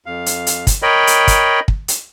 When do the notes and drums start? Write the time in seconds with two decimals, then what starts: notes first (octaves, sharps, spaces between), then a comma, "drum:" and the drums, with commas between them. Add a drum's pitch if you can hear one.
0.06 F2 F5
0.26 drum: hi-hat
0.47 drum: hi-hat
0.67 drum: kick, hi-hat
0.82 A#4 C#5 D#5 G5 B5
1.07 drum: hi-hat
1.28 drum: kick, hi-hat
1.68 drum: kick
1.88 drum: hi-hat